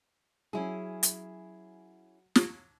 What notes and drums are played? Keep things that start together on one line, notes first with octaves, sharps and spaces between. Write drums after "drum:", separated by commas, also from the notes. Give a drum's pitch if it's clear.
F#3 C#4 E4 G#4
drum: hi-hat
drum: snare